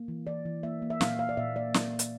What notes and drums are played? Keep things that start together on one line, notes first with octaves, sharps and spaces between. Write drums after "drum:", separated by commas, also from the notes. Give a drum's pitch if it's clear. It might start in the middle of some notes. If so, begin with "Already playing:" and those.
Already playing: A#3
E3
E3 D5
E3
A#3 E5
A#3
E5
A#2 F5, drum: snare
A#3 F5
D5
A#2 E5
A#3 D5
drum: snare
drum: hi-hat